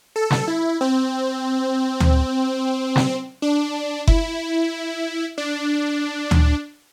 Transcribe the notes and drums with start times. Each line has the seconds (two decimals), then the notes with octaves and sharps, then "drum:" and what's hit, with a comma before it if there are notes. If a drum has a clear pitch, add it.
0.16 A4
0.31 drum: snare
0.48 E4
0.81 C4
2.00 drum: tom D2
2.96 drum: snare
3.42 D4
4.07 E4, drum: kick F#1
5.38 D4
6.31 drum: tom D2